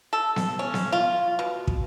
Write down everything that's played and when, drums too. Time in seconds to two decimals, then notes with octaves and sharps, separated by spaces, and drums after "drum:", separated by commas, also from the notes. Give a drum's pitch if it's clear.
0.13 A4
0.36 drum: snare B3
0.59 C#4
0.74 drum: snare B3
0.92 F4
1.39 B2
1.67 drum: kick